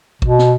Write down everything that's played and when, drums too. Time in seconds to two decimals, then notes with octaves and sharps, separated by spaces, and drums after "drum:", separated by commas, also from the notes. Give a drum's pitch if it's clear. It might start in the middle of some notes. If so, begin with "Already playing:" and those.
0.22 B2, drum: kick A1
0.39 drum: snare